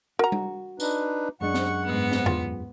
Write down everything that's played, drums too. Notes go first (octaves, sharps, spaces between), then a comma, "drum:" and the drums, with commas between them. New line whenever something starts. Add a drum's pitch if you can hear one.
F#4 A#4 A#5
drum: tom G3
D4 D#4 B4, drum: tambourine
F#2 G#3 D4 F#5 C#6
drum: snare
G#2 B3
drum: snare
F4, drum: tom